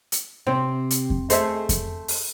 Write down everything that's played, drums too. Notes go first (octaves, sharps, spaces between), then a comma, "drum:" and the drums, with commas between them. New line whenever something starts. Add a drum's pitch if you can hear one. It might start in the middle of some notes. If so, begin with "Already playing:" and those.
drum: hi-hat
C3 C4
drum: hi-hat
drum: kick F2
A3 G#4 C5 D#5 E5, drum: hi-hat
drum: kick F2, hi-hat
drum: open hi-hat